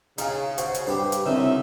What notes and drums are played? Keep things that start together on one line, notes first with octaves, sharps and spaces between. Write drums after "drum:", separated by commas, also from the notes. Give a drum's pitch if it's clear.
C#3 D#4 F4 G#4, drum: hi-hat
F#4 C5, drum: hi-hat
drum: hi-hat
G2 G4 B4 C5
drum: hi-hat
C2 C#3 D#4 F#4 E5